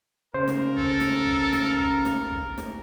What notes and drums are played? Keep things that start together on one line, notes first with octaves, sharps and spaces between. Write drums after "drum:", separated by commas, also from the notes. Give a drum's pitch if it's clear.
C#3 A#4 C5
drum: snare
A4, drum: kick
drum: snare
drum: kick
drum: snare
drum: kick
drum: snare
drum: kick
drum: snare